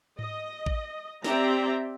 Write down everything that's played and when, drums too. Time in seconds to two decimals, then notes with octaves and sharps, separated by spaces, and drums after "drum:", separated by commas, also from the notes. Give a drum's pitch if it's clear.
0.19 D#5, drum: tom G#2
0.66 drum: kick A1
1.24 C4 G4 D5 E5 G5 A#5, drum: snare